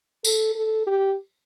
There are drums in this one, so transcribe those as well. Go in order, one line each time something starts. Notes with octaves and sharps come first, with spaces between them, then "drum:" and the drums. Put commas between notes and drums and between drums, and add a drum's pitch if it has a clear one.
A4, drum: tambourine
A4
G4